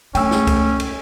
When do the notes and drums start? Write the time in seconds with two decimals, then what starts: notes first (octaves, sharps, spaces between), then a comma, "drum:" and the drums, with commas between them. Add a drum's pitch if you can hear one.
0.15 A3 C#4 G5 E6, drum: cymbal
0.31 drum: snare
0.47 drum: kick C2, cymbal
0.80 drum: cymbal